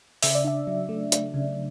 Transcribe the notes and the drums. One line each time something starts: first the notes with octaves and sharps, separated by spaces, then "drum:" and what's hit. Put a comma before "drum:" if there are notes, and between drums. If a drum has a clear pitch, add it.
C#3 E5, drum: open hi-hat
D5
D4 E5
F#3
A3
D4, drum: hi-hat
C#3